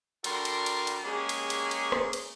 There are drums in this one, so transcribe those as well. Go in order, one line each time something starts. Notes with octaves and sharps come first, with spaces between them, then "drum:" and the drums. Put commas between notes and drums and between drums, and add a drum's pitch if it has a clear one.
G3 D4 F#4 A4 A#4 C6, drum: cymbal
drum: cymbal
drum: cymbal
drum: cymbal
G#3 A#3 C#4 G4 G#4
drum: cymbal
drum: cymbal
drum: cymbal
drum: rim click
drum: cymbal